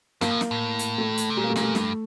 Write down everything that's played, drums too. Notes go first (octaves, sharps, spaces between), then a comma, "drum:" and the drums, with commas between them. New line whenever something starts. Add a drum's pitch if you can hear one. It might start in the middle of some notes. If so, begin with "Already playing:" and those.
G2 A#3, drum: snare
A2
drum: snare
A2
drum: hi-hat
A3
drum: hi-hat
C3
A#2 G3
A#3
A3
A#2, drum: snare
A3
G2, drum: snare